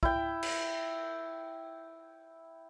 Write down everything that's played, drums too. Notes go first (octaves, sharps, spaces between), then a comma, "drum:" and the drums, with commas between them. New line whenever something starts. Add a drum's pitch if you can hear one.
E4 G5, drum: kick
drum: cymbal